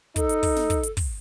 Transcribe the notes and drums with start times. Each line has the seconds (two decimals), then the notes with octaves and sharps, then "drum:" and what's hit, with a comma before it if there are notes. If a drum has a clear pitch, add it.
0.16 D#4 A4, drum: kick, hi-hat
0.29 drum: hi-hat
0.43 drum: kick, open hi-hat
0.56 drum: snare
0.70 drum: kick, hi-hat
0.83 drum: hi-hat
0.97 drum: kick, open hi-hat